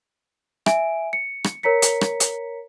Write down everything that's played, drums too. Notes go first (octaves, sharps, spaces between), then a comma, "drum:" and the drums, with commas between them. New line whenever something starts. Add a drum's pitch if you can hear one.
E5 G#5 D7, drum: rim click
C#7
drum: rim click
A#4 C#5 A#5 B6 C#7
drum: hi-hat
drum: rim click
drum: hi-hat